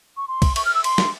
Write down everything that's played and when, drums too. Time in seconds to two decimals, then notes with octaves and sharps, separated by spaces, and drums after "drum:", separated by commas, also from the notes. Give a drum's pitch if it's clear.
0.17 C#6
0.28 C6
0.42 drum: kick C2, cymbal
0.56 C#6, drum: cymbal
0.65 F6
0.75 E6
0.84 C6, drum: cymbal
0.98 drum: snare